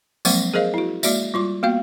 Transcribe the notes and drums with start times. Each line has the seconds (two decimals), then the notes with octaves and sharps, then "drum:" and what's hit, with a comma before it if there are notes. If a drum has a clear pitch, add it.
0.25 F3 F#3 G#3 A#3 C4, drum: tambourine
0.54 G#4 A#4 C5 D#5 F5
0.74 E4 F#4
1.03 G#3 A#3 F#4 D5 E5, drum: tambourine
1.34 G3 F4 D6
1.63 A#3 B3 F#4 F5 G5